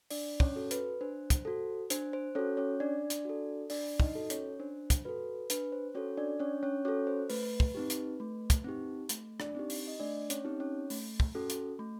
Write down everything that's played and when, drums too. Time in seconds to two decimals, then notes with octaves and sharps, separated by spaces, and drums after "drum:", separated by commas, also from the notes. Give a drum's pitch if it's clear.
0.10 D4 D5, drum: open hi-hat
0.40 C#4 C#5, drum: kick
0.56 F#4 A4
0.71 B4, drum: hi-hat
1.01 D4 C5
1.30 drum: kick, hi-hat
1.45 F#4 A4
1.90 D4 C5, drum: hi-hat
2.13 C5
2.35 C#4 F#4 A4 C#5
2.57 C#4 C#5
2.80 D4 D5
3.10 drum: hi-hat
3.25 F#4 A4
3.70 D4 D5, drum: open hi-hat
4.00 D#4 D#5, drum: kick
4.15 F#4 A4
4.30 C#4 C#5, drum: hi-hat
4.60 D4 C5
4.90 drum: kick, hi-hat
5.05 F#4 A4 B4
5.50 D4 B4, drum: hi-hat
5.72 C5
5.95 C#4 F#4 A4 C#5
6.17 D4 D5
6.40 C#4 D4 C#5
6.63 C#4 C#5
6.85 C#4 F#4 A4 C#5
7.07 C5
7.30 A3 B4, drum: open hi-hat
7.60 drum: kick
7.75 C4 D#4 G4
7.90 drum: hi-hat
8.20 A3
8.50 drum: kick, hi-hat
8.64 C4 D#4 G4
9.09 A3, drum: hi-hat
9.40 D4 D5, drum: rim click
9.55 C4 D#4 G4
9.70 drum: open hi-hat
9.88 D#5
10.00 A3 D4 D5
10.30 C#4 C#5, drum: hi-hat
10.45 C4 D#4 G4
10.60 C#4 C#5
10.90 A3, drum: open hi-hat
11.20 drum: kick
11.35 C#4 F#4 A4
11.50 drum: hi-hat
11.79 A3